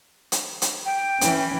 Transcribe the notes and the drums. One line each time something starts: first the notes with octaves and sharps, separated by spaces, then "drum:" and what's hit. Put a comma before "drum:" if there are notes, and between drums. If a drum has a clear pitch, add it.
drum: hi-hat
drum: hi-hat
G5
E3 C#4, drum: hi-hat